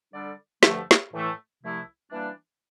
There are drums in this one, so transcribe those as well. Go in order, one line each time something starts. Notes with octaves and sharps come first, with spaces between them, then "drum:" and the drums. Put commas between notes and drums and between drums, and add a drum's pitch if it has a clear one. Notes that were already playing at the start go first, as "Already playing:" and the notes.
D3 G3 D4 A4 D5
G2 D3 F3 A3, drum: snare
drum: snare
A2 E3 A3
C2 C3 F3 A3 E4
E3 G3 A#3 D4